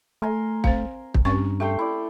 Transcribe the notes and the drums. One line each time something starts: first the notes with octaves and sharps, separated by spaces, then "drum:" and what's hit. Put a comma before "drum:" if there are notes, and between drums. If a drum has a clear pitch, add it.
A3 A#4 G#5 C6
C4 C5 F5, drum: kick
drum: kick
G2 C4 C#4 C#6
A3 G4 G5 C6
E4 D5